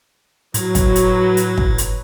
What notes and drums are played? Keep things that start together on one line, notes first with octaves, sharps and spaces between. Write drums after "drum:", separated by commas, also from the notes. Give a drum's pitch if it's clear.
A2 F#3 B4, drum: hi-hat
drum: kick, hi-hat
drum: hi-hat
drum: hi-hat
drum: kick
drum: hi-hat